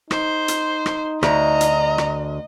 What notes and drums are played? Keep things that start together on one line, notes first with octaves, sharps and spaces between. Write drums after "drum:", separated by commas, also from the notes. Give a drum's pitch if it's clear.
D#4 C5, drum: rim click
drum: hi-hat
drum: rim click
D2 D#5 A#5, drum: rim click
drum: hi-hat
drum: rim click